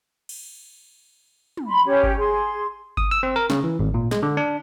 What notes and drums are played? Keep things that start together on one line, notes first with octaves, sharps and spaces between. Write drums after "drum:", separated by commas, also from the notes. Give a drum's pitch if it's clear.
drum: cymbal
drum: tom
B5 C6
C#4 G4 C#5
drum: kick G1
G#4 C6
D#6, drum: kick G1
E6
C4
A#4
C#3, drum: snare
E3
G#1
A#2
G#3, drum: snare
D3
D4